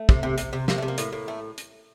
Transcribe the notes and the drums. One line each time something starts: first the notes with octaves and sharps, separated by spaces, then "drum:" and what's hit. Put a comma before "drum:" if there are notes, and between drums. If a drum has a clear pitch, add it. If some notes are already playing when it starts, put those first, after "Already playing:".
Already playing: A3
C3, drum: kick
C3
C3, drum: hi-hat
C3
C3 A#3, drum: snare
A3
C3
A#3
A2, drum: hi-hat
A2
A3
drum: hi-hat